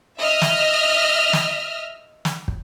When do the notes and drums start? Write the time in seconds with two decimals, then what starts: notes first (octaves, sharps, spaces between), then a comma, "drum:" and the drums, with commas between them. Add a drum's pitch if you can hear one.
0.19 D#5 E5 F6
0.42 drum: snare
1.33 drum: snare
2.25 drum: snare
2.48 drum: kick